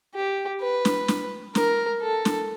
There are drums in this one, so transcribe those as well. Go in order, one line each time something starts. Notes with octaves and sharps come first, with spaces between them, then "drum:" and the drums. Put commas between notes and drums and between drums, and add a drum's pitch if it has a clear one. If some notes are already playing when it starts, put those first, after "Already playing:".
G4
B4
drum: snare
drum: snare
A#4, drum: snare
A4
drum: snare